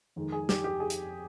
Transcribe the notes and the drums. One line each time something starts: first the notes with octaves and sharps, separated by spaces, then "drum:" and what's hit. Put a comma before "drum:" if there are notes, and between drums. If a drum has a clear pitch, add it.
F2 D#3 G#3
G#4
G4, drum: snare
G4
G#4
drum: hi-hat